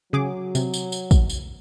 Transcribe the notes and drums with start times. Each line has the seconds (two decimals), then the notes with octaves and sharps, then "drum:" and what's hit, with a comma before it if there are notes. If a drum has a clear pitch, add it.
0.13 C#3 F#3 G#4 D6
0.55 C3, drum: tambourine
0.74 drum: tambourine
0.92 drum: tambourine
1.11 drum: kick, tambourine
1.30 drum: tambourine